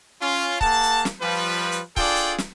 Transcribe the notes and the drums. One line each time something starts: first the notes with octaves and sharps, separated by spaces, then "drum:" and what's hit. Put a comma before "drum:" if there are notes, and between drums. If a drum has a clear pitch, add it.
C#4 F4
A#3 G#4 F#5 A5, drum: kick C#1
drum: hi-hat
drum: snare
F3 G3 B4
drum: hi-hat
D4 F4 G#4 A4 D5 G5, drum: kick C#1
drum: hi-hat
drum: snare